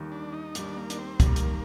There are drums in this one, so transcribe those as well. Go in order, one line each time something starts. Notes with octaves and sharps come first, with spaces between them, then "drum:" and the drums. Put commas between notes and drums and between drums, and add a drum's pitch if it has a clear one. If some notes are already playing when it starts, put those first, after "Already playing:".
Already playing: D#2 D#3 G3
D4
D#4
D#2 D#3 G3 D4, drum: hi-hat
A#3
D4, drum: hi-hat
C4
D#2 D#3 G3 A#3, drum: kick, hi-hat
drum: hi-hat